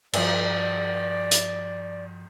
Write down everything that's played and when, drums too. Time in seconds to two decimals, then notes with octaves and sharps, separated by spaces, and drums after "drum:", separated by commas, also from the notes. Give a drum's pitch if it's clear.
0.13 G2 F3 D5, drum: cymbal
1.31 drum: hi-hat